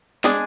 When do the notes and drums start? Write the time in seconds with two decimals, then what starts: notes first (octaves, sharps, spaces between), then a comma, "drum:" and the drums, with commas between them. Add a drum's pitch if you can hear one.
0.24 G#3 D4 G#4, drum: snare